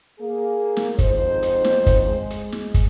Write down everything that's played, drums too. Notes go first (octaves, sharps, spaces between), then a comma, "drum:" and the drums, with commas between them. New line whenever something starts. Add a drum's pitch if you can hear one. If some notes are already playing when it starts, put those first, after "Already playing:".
A#3 G#4
drum: snare
F2 G#2 D#4 C5, drum: kick, hi-hat
drum: hi-hat
drum: snare
drum: kick, hi-hat
G#3
drum: hi-hat
drum: snare
drum: kick, hi-hat